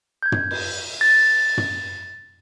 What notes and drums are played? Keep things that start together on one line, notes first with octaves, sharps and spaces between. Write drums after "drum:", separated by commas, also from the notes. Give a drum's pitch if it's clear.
G6 G#6
drum: tom
drum: cymbal
A6
drum: tom